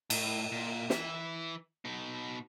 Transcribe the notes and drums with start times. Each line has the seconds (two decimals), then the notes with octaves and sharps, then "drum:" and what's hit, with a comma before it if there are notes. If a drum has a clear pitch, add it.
0.10 A2, drum: cymbal
0.52 A#2
0.90 E3 E4, drum: snare
1.85 B2 D#4